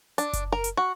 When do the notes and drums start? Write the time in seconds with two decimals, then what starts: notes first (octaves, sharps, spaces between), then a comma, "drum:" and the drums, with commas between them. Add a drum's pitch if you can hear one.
0.18 D4, drum: hi-hat
0.33 drum: kick F#1, hi-hat
0.52 A#4
0.64 drum: hi-hat
0.77 F#4